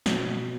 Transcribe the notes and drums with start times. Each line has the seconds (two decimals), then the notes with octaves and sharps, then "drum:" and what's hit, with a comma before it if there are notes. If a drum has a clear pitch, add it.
0.06 B2, drum: snare